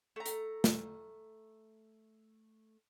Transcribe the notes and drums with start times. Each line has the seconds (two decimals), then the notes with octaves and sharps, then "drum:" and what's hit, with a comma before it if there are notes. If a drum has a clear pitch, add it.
0.16 A3 A#5
0.26 drum: hi-hat
0.64 drum: snare